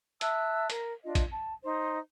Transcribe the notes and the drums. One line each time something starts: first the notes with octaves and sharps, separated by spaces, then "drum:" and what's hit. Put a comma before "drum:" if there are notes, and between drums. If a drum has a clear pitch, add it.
E5 A5 E6 F#6, drum: hi-hat
A#4, drum: hi-hat
D4 F4 D#5
drum: kick, hi-hat
A5
D#4 C5